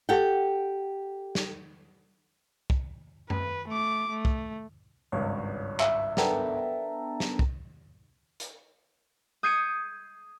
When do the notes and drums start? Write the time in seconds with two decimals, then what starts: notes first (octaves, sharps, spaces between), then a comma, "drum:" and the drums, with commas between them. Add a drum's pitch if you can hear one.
0.09 G4 A4 F#5 G5
1.35 drum: snare
2.70 drum: kick
3.30 B4, drum: tom F#2
3.69 A3 D6
4.10 A3
4.25 drum: kick
5.12 G#1 C#2 G2 C#5
5.80 E5, drum: clap
6.17 B3 D4 A4 A#4 G5, drum: snare
7.20 drum: snare
7.39 drum: kick
8.40 drum: hi-hat
9.43 D#6 G6 G#6 C7 C#7 D#7